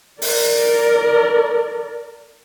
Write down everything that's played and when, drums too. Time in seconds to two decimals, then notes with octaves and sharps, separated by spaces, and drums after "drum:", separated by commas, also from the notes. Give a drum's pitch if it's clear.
0.22 A#4 D5, drum: open hi-hat